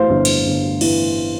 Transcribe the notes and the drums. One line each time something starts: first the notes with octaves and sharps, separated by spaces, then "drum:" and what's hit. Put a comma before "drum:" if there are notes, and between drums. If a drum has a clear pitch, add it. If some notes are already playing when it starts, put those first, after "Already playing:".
Already playing: E3 C5 F5
G1
drum: cymbal
G1
E3, drum: cymbal